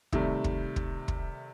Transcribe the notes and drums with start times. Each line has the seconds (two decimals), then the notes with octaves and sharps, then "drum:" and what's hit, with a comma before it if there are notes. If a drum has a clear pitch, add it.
0.13 C3 D#3 G3 A3, drum: kick
0.44 drum: kick
0.76 drum: kick
1.08 drum: kick